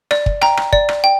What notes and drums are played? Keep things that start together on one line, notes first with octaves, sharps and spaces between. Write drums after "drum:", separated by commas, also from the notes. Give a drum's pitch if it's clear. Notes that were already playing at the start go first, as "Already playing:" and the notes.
D5, drum: rim click
drum: kick
G5 A#5, drum: rim click
drum: rim click
D5, drum: kick
drum: rim click
G5